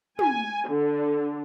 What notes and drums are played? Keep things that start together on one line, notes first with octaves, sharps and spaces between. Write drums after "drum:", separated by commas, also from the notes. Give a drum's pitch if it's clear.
G#5, drum: tom
D3